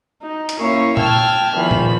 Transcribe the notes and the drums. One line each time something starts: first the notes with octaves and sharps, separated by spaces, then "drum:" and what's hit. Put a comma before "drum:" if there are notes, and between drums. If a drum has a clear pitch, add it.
D#4
drum: hi-hat
A#3 C#4 E4 A#4 C#5 F5
G5 A5 E6 F6 G#6, drum: tom A#2
E2 D#3 F3 B5
drum: tom A#2